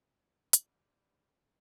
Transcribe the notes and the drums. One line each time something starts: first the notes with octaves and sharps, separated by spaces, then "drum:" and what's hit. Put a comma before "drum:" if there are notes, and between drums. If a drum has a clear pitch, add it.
F2 D3 G3, drum: hi-hat